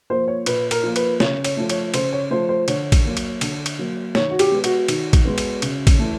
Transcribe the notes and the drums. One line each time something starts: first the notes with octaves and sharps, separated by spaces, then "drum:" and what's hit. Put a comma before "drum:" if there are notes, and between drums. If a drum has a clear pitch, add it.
F3 A#3 C5
C#5
A#2 B4, drum: cymbal
A#4, drum: cymbal
F3 A#3
B4, drum: cymbal
C#3 C#5, drum: snare
C#5, drum: cymbal
F3 A3
C#5, drum: cymbal
C#3 C5, drum: cymbal
C#5
F3 A3 C5
C5
D3 C#5, drum: cymbal
drum: kick A#1, cymbal
F#3 A#3
drum: cymbal
D3, drum: cymbal
drum: cymbal
F#3 A#3
D#3 C#5, drum: snare
F#4
G4, drum: cymbal
G#3 B3
F#4, drum: cymbal
D#3, drum: cymbal
drum: kick A#1, cymbal
G#3 B3
drum: cymbal
C#3, drum: cymbal
drum: kick A#1, cymbal
E3 A3